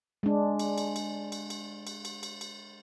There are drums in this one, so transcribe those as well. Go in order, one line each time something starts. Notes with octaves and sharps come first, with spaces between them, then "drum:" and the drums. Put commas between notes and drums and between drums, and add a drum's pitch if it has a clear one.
G#3 D4
drum: cymbal
drum: cymbal
drum: cymbal
drum: cymbal
drum: cymbal
drum: cymbal
drum: cymbal
drum: cymbal
drum: cymbal